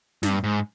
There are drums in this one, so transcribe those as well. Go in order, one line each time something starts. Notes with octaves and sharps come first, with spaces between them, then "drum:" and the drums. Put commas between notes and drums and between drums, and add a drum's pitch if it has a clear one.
G2, drum: snare
G#2